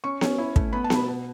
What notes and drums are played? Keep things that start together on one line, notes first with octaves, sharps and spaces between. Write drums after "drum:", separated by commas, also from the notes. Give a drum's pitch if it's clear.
C#4 C#6
C#4, drum: snare B3
E4
A3, drum: kick
B3 B5
A5
B2, drum: snare B3
B5
B2